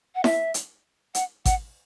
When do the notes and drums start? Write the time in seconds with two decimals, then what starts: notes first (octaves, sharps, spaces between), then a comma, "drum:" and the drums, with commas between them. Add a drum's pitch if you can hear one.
0.15 F#5
0.24 E5, drum: snare E4
0.54 drum: hi-hat
1.15 F#5, drum: hi-hat
1.46 F#5, drum: kick G#1, hi-hat